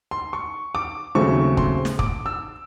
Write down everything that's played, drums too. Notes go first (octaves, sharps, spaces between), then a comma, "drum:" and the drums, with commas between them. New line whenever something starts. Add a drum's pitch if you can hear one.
C6
C#6
D6
D#2 C#3 F#3 A3 C4 C#6
C6, drum: kick
drum: snare
D6, drum: kick
E6